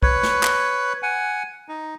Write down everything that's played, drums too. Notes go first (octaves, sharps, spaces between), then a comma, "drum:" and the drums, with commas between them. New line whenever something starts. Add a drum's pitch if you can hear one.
B4 C#5, drum: kick
drum: snare
drum: clap
F#5 G#5
D#4